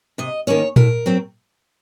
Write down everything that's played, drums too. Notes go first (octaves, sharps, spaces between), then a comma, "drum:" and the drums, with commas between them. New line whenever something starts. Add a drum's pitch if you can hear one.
C3 D#5
D#3 A#3 C#4 C#5
A2 A#4, drum: tom A#2
F#3 C4